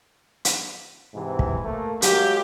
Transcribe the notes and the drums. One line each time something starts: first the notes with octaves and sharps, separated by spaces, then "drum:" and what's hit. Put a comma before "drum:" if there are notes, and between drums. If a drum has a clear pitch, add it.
drum: hi-hat
G#2 C3 E3
drum: kick
A3 A#3
F#3 G#3 A#3 G4, drum: hi-hat